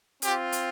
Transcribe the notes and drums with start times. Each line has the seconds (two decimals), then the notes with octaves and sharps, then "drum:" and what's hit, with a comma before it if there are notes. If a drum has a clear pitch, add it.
0.22 C4 F4 G4, drum: hi-hat
0.52 drum: hi-hat